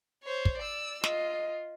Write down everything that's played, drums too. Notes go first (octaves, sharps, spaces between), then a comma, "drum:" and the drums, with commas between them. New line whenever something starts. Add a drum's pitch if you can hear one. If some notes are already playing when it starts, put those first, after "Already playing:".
C5 C#5
drum: kick
D5 E6
F4 D#5, drum: snare